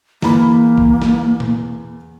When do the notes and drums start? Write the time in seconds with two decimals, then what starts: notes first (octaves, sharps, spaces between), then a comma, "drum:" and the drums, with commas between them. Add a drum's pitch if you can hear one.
0.22 E2 A#3 B5, drum: snare
0.78 drum: kick
1.02 drum: snare
1.40 drum: tom A#2